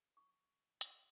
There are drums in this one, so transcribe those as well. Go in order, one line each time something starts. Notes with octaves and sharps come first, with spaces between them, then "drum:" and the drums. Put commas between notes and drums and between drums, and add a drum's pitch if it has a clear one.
C#6
drum: hi-hat